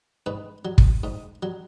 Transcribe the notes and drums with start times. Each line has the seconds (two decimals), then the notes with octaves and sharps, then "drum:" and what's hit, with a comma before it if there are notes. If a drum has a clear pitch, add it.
0.26 G#2 B4
0.65 F#3
0.78 drum: kick
1.04 G#2
1.43 F#3